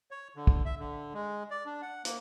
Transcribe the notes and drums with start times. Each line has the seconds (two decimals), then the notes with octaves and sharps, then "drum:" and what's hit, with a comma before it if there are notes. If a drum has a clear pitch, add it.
0.11 C#5
0.36 D3
0.47 drum: kick
0.65 E5
0.79 D3
1.14 G#3
1.50 D5
1.66 D4
1.82 F#5
2.05 A#3, drum: hi-hat